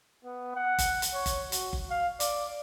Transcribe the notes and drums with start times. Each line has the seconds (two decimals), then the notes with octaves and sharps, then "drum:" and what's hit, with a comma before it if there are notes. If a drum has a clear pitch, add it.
0.25 B3
0.55 F#5
0.78 drum: kick G1, hi-hat
1.02 drum: hi-hat
1.14 C#5
1.26 drum: kick G1, hi-hat
1.52 F#4, drum: hi-hat
1.73 drum: kick G1
1.90 F5
2.20 D5, drum: hi-hat